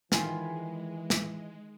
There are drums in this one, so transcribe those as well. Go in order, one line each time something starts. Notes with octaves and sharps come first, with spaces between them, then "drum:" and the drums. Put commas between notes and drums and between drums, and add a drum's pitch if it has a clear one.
D#3 E3 G#3 F4 C5 G#5 B5, drum: snare
drum: snare